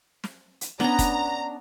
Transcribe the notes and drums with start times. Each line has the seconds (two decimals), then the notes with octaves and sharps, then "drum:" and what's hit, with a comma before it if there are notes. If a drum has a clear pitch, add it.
0.24 drum: snare
0.61 drum: hi-hat
0.80 B3 C#4 D4 A#5, drum: snare
0.99 drum: kick F1, hi-hat